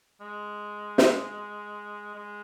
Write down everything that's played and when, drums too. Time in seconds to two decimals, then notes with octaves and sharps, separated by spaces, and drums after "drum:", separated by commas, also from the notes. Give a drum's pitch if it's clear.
0.21 G#3
0.98 drum: snare
2.15 G#3